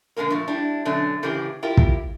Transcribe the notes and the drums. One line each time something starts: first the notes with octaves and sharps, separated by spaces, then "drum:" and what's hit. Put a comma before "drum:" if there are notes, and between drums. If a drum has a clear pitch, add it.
B2 D3 G#3 A#3 A#4
A#2 F3 A3
G3 D4 E4
B2 D3 F#3 A3 C#4
A2 C#3 E3 A#3 G4 G#4
E4 F4 G4 A#4
drum: kick